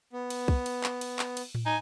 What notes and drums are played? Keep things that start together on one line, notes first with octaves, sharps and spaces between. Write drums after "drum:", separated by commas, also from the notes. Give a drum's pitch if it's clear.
B3
drum: cymbal
drum: kick
drum: cymbal
drum: clap
drum: cymbal
drum: clap
drum: cymbal
drum: tom A2
D#4 G#5